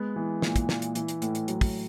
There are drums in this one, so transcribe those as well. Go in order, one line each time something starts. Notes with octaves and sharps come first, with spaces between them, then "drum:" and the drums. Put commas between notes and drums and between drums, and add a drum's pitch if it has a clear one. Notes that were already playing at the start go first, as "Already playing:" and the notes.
Already playing: G#3 B3
E3
A#2, drum: snare
drum: kick, hi-hat
A#2, drum: snare
drum: hi-hat
E3, drum: hi-hat
drum: hi-hat
A2, drum: hi-hat
drum: hi-hat
F#3, drum: hi-hat
drum: kick, open hi-hat